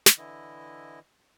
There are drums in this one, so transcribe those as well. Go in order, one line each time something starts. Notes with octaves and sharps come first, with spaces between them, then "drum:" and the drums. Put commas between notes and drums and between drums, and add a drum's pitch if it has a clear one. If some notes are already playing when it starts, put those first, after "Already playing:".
drum: snare
D3 E3 E4 D#5